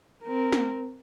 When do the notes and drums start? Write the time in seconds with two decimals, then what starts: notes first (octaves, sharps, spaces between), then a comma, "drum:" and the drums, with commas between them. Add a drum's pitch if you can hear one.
0.24 C4 A#4
0.52 drum: snare